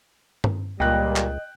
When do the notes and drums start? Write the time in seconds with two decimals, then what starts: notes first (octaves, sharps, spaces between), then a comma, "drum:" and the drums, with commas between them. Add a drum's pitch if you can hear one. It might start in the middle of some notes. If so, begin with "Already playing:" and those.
0.44 drum: tom G2
0.80 C#2 A#2 G3 D#5 G5 F#6
1.16 drum: clap